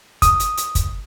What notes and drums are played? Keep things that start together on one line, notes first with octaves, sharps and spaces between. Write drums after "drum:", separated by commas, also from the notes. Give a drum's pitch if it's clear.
D#6, drum: kick, hi-hat
drum: hi-hat
drum: hi-hat
drum: kick, hi-hat